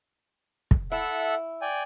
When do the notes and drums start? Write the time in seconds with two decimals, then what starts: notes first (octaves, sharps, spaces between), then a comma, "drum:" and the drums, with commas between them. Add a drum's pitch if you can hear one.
0.71 drum: kick
0.92 E4 A4 E5 F#5
1.62 D5 G5 G#5